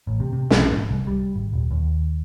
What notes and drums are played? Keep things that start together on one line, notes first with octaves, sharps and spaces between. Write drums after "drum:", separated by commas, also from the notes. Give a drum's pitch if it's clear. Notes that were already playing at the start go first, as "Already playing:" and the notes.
A1
C3
C3
B1, drum: snare
G#2
C2
G3
G#1
D#1
D#2